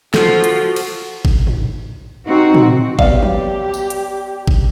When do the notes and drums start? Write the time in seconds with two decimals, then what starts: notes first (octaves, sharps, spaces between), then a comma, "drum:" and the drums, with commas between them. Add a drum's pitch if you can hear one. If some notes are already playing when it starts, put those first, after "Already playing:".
0.14 F3 F4 F#4 A4, drum: snare
0.44 drum: hi-hat
0.76 drum: cymbal
1.25 drum: kick G#1
1.47 drum: tom
2.27 C4 D#4 F#4
2.54 drum: tom
2.99 F#3 B3 G4 D5 F5, drum: kick G#1
3.23 drum: tom
3.74 drum: tambourine
3.90 drum: hi-hat
4.48 drum: kick G#1